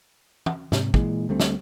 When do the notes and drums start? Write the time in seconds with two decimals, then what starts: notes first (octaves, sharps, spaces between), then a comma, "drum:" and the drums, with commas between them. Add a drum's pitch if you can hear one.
0.46 drum: tom
0.72 G#2 C3, drum: snare
0.94 A#2 E3 G#3, drum: kick
1.29 D2 G3 A3 C4
1.40 drum: snare